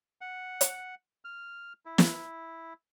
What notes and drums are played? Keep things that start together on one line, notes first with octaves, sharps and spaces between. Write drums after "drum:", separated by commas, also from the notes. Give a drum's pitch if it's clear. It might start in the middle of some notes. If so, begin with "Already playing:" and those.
F#5
drum: hi-hat
F6
E4
drum: snare